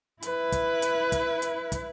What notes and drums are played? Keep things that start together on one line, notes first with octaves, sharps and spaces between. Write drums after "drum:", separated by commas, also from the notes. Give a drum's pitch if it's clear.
E4 B4, drum: hi-hat
drum: kick, hi-hat
drum: hi-hat
drum: kick, hi-hat
drum: hi-hat
drum: kick, hi-hat